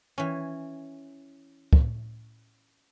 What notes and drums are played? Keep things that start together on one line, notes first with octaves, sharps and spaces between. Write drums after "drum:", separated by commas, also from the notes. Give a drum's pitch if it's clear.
E3 C#4
drum: kick